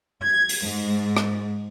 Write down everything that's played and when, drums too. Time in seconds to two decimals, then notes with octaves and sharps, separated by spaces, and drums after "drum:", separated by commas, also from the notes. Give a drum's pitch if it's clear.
0.24 G#6
0.49 drum: open hi-hat
0.63 G#2
1.17 drum: rim click